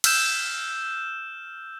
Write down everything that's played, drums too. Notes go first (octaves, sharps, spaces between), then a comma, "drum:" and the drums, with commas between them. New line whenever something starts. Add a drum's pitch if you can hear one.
E6 F6 G6 E7, drum: cymbal